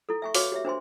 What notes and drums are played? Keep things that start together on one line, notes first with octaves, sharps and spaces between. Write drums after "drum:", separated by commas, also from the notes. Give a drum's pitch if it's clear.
E4 A4
E5 G#5 C#6
F#4 B4 C#5 F5 D6, drum: open hi-hat
G4 C#5 E5
D4 C5 G#5 C6